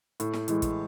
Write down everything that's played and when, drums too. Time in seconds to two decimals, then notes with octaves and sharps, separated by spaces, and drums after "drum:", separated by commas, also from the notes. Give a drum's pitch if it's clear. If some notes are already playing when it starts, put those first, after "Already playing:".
0.20 A2, drum: hi-hat
0.33 drum: snare
0.48 E3 G#3, drum: hi-hat
0.62 drum: kick, hi-hat